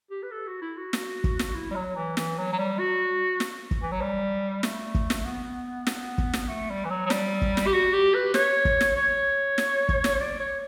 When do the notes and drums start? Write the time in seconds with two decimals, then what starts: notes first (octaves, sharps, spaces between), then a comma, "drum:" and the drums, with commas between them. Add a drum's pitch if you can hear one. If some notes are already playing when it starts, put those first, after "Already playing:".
0.10 G4
0.23 B4
0.31 A4
0.47 F#4
0.62 E4
0.77 F#4
0.93 drum: snare
1.24 drum: kick
1.39 drum: snare
1.55 E4
1.71 G3
1.75 F#3
1.96 E3
2.17 E3, drum: snare
2.38 F#3
2.53 F#3
2.58 G3
2.79 F#4
3.40 drum: snare
3.71 drum: kick
3.82 E3
3.92 F#3
4.01 G3
4.63 A3, drum: snare
4.95 drum: kick
5.10 drum: snare
5.25 B3
5.87 B3, drum: snare
6.18 drum: kick
6.34 drum: snare
6.48 A3
6.70 G3
6.84 E3
6.90 F#3
7.05 F#3
7.10 G3, drum: snare
7.42 drum: kick
7.57 drum: snare
7.66 G4
7.73 F#4
7.93 G4
8.14 B4
8.34 C#5, drum: snare
8.65 drum: kick
8.81 drum: snare
8.96 C#5
9.58 drum: snare
9.89 drum: kick
10.04 drum: snare
10.20 D5
10.40 C#5